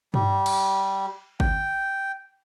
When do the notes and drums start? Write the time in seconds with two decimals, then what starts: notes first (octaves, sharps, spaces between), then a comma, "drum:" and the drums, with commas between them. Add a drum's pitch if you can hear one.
0.14 G3, drum: tom G2
0.46 drum: cymbal
1.40 G5, drum: kick G#1